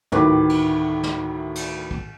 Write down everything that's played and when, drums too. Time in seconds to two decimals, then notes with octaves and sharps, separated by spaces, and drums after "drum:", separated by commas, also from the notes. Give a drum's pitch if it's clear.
0.12 D2 A2 D#3 B4 D6, drum: tom
0.49 drum: cymbal
1.03 drum: snare
1.55 drum: cymbal
1.91 drum: kick